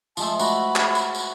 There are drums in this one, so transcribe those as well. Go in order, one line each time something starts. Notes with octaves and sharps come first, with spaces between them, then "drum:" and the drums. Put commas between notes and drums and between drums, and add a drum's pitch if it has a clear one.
F3 G#3 A3 A5, drum: tambourine
F#4 B5, drum: tambourine
drum: clap
drum: tambourine
drum: tambourine